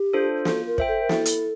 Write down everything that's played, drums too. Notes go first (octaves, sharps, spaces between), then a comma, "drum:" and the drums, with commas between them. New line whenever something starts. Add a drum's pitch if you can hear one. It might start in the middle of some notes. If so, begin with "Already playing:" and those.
Already playing: G4
D4 F4 A4 C5
F4 A4, drum: snare
A#4
C5 E5 G5, drum: kick
A4
A#4
E4 A4, drum: snare
drum: hi-hat